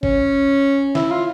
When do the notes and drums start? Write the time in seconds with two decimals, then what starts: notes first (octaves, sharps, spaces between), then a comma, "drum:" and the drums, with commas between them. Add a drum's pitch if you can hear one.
0.03 C#4, drum: kick
0.95 E4, drum: snare
1.10 F4